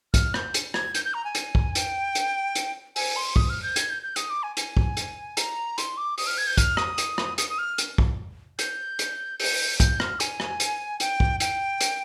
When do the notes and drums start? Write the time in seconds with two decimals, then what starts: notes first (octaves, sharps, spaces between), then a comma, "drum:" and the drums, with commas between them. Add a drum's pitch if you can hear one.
0.14 F6, drum: kick, hi-hat
0.34 G6, drum: rim click
0.54 drum: hi-hat
0.74 G#6, drum: rim click
0.94 G6, drum: hi-hat
1.05 G6
1.14 A#5
1.25 G#5
1.35 drum: hi-hat
1.55 drum: kick
1.75 G5, drum: hi-hat
2.15 drum: hi-hat
2.55 drum: hi-hat
2.96 G#5, drum: open hi-hat
3.16 C6
3.36 D#6, drum: kick
3.50 F6
3.63 G6
3.76 G#6, drum: hi-hat
3.90 G6
4.03 G6
4.16 D#6, drum: hi-hat
4.30 D6
4.43 G#5
4.57 G#5, drum: hi-hat
4.77 drum: kick
4.97 drum: hi-hat
5.37 A#5, drum: hi-hat
5.78 C6, drum: hi-hat
5.97 D6
6.18 D#6, drum: open hi-hat
6.27 F6
6.38 G#6
6.47 G6
6.58 F6, drum: kick, hi-hat
6.77 D#6, drum: rim click
6.98 drum: hi-hat
7.18 drum: rim click
7.38 D#6, drum: hi-hat
7.50 D#6
7.58 F6
7.78 drum: hi-hat
7.98 drum: kick
8.59 G6, drum: hi-hat
8.99 drum: hi-hat
9.40 G6, drum: open hi-hat
9.80 G6, drum: kick, hi-hat
10.00 F6, drum: rim click
10.20 G#5, drum: hi-hat
10.40 drum: rim click
10.60 drum: hi-hat
11.00 G5, drum: hi-hat
11.20 drum: kick
11.40 G5, drum: hi-hat
11.81 drum: hi-hat